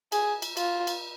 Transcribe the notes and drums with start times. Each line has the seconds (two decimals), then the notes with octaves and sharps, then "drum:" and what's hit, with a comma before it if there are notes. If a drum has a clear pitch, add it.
0.12 G#4, drum: cymbal
0.42 drum: cymbal
0.57 F4, drum: cymbal
0.87 drum: cymbal